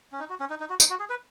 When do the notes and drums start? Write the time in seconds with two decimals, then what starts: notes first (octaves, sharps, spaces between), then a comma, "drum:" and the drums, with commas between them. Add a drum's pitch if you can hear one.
0.12 C#4
0.20 D#4
0.30 F#4
0.40 C#4
0.50 D#4
0.60 D#4
0.70 F#4
0.80 D#4, drum: tambourine
0.90 F#4
1.00 G#4
1.10 B4